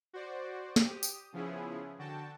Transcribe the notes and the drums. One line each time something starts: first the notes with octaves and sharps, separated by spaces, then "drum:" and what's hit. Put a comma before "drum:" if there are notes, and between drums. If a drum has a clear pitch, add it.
F#4 C5 D5
G4 D#6, drum: snare
drum: tambourine
C#3 F3 B3 C#4 E4 G#4
D3 F#4 G5 A5